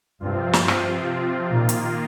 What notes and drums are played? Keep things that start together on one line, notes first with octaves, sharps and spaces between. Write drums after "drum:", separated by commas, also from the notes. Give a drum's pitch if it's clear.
G2 C3 F3 C4 F4
G2, drum: snare
drum: rim click
A#2 D#3 A#3 F4
drum: hi-hat